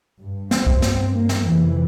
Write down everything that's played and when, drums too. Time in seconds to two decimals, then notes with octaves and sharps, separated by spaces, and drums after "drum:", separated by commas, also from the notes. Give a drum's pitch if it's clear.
0.19 G2
0.51 C4, drum: snare
0.67 drum: kick
0.82 drum: snare
1.14 A#3
1.29 drum: snare
1.44 F2 C3 E3